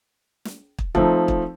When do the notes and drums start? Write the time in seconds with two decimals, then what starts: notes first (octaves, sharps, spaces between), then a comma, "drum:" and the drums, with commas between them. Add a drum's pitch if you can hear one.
0.45 drum: snare
0.78 drum: kick
0.95 F3 A3 C4 D#4, drum: kick
1.28 drum: kick